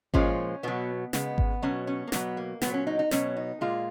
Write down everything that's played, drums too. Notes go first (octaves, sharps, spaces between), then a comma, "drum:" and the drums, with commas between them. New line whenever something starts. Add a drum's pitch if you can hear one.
A#2 F3 G#3 C#4, drum: kick G#1
B2 F#3 B3
C#3 G#3 B3, drum: snare
drum: kick G#1
B2 F#3 C#4
C#4
A#3
B2 F#3 B3, drum: snare
A#3
A#2 F#3 B3, drum: snare
C#4
D#4
D#4
B2 F#3 C#4, drum: snare
D#4
A#2 G#3 F4